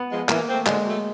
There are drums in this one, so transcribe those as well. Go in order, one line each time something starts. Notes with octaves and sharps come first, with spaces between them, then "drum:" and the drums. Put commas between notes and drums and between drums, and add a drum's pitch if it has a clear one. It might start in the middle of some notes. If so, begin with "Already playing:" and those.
Already playing: B3
F3 G#3
E3 A#3, drum: clap
A3 C4
D3 G#3, drum: clap
F#3 A3